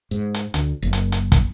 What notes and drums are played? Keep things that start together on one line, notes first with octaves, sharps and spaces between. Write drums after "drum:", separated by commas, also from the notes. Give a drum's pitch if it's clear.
G#2
drum: hi-hat
D2, drum: hi-hat
F#1
drum: hi-hat
drum: hi-hat
drum: kick, hi-hat